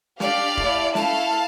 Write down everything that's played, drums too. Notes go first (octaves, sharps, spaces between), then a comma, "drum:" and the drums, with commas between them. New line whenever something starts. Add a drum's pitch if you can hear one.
D4 G4 D5 F5, drum: snare
A3 E4 G4, drum: kick E1
A3 E4 A4 F5 A5, drum: snare